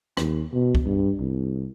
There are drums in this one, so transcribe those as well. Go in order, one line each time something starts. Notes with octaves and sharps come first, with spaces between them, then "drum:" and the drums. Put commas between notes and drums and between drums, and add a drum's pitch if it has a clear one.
D#2, drum: rim click
B2
drum: kick
G2
C2